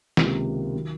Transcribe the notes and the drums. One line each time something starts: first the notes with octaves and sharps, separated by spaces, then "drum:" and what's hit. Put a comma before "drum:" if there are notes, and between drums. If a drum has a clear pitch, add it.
C#2 C3 D#3 A#3, drum: snare
D#3 F#3